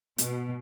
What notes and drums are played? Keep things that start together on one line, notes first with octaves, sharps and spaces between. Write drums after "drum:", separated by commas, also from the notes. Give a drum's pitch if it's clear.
B2, drum: hi-hat